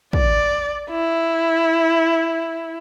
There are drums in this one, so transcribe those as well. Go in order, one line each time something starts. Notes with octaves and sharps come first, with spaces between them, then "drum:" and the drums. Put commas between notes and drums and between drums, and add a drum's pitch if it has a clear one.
D5, drum: kick
E4